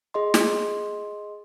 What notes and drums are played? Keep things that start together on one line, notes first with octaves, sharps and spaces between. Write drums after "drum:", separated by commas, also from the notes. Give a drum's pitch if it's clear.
G#4 D#5 C6
drum: snare